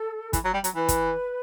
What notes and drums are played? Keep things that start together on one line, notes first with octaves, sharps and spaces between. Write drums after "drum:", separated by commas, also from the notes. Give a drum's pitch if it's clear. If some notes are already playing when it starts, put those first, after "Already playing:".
Already playing: A4
E3, drum: kick, hi-hat
F#3
G3
F#3, drum: hi-hat
E3 B4
drum: kick, hi-hat